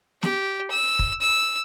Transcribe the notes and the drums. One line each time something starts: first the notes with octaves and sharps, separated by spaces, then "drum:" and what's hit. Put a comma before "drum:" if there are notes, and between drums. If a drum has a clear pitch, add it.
G4, drum: snare
E6
drum: kick
E6